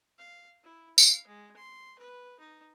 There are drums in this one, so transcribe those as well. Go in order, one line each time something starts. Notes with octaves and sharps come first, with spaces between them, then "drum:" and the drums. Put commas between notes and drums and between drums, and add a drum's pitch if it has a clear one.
F5
E4
F5, drum: tambourine
G#3
C6
B4
D#4